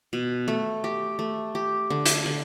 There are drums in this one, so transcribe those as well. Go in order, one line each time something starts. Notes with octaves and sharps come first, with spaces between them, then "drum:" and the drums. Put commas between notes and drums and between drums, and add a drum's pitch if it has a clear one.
B2
A3
G4
A3
G4
D3
drum: hi-hat
D3